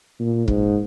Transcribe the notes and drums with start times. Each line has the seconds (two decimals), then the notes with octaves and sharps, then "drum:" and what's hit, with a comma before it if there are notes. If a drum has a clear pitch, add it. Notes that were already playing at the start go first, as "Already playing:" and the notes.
0.19 A#2
0.48 G#2, drum: kick